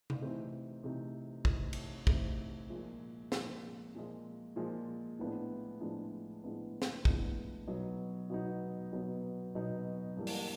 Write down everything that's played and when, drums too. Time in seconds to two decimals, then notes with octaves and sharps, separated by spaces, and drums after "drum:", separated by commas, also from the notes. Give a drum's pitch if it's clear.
0.10 drum: tom C3
0.21 C3 E3 A3 C4 D#4
0.83 C3 E3 A3 C4 D#4
1.45 C3 E3 A3 C4 D#4, drum: kick
1.73 drum: cymbal
2.07 C3 E3 A3 C4 D#4, drum: kick
2.70 A#2 F3 G#3
3.32 A#2 F3 G#3, drum: snare
3.95 A#2 F3 G#3
4.56 A#2 F3 G#3
5.19 A2 F3 G#3 B3 D4
5.81 A2 F3 G#3 B3 D4
6.44 A2 F3 G#3 B3 D4
6.82 drum: snare
7.05 A2 F3 G#3 B3 D4, drum: kick
7.67 B2 F#3 B3 D#4
8.30 B2 F#3 B3 D#4
8.92 B2 F#3 B3 D#4
9.55 B2 F#3 B3 D#4
10.17 G2 E3 G3 A#3 D4
10.27 drum: open hi-hat